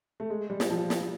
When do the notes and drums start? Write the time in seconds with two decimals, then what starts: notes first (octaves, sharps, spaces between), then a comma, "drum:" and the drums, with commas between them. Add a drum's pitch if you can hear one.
0.20 A3
0.30 G#3
0.50 G3
0.60 drum: snare
0.70 F3
0.90 drum: snare